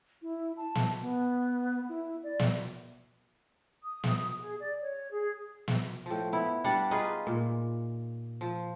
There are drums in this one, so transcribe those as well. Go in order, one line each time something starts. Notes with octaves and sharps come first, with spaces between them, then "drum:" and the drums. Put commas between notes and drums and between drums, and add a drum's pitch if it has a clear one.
E4
A5
drum: snare
B3
E4
D5
drum: snare
D#6
drum: snare
G#4
D5
C#5
G#4
drum: snare
A2 F3
B3 E4
G3 D4 F#5
D#4 F4 G#4 B4
A#2
F3